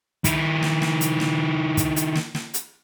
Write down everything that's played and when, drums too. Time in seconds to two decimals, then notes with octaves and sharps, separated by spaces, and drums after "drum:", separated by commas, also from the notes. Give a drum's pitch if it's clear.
0.24 D#3 E4, drum: kick, hi-hat
0.63 drum: snare
0.82 drum: snare
1.01 drum: hi-hat
1.20 drum: snare
1.77 drum: kick, hi-hat
1.96 drum: hi-hat
2.15 drum: snare
2.35 drum: snare
2.54 drum: hi-hat